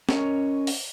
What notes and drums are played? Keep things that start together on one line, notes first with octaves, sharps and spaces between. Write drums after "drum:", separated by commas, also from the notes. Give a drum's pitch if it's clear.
C#4 A#4 C#5 D#5, drum: snare
drum: open hi-hat